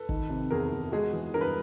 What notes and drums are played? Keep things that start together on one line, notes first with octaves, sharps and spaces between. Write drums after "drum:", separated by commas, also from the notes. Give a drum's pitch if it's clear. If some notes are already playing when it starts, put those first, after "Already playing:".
Already playing: A4 B4
D#3, drum: kick
C3
E2 G#4 A#4
E2
G#3 F#4 G#4
E3
G2 A#4
B4